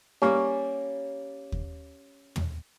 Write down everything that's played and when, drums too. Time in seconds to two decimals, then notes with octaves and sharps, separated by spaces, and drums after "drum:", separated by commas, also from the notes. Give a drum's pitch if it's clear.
0.22 G3 A#3 C#4
1.52 drum: kick
2.36 drum: tom